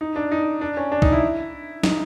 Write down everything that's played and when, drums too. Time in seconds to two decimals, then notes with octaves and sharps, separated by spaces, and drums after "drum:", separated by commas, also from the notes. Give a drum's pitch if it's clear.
0.01 D#4
0.16 D4
0.31 D#4
0.61 D4
0.77 C#4
0.92 D4
1.02 D#4, drum: kick C2
1.12 E4
1.83 D#4, drum: snare